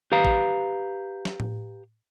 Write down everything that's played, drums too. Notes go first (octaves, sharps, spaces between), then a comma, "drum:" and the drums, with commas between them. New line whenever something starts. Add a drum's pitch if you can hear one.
G4 B4 F5 A#5
drum: kick A1
drum: snare
drum: tom A2